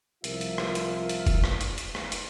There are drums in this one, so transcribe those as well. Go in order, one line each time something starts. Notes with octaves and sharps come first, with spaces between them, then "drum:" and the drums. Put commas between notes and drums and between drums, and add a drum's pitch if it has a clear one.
C2 F3 F4 A#4 E5 F5, drum: hi-hat
drum: hi-hat
drum: rim click
drum: hi-hat
drum: hi-hat
drum: kick F1, hi-hat
drum: rim click
drum: hi-hat
drum: hi-hat
drum: rim click
drum: hi-hat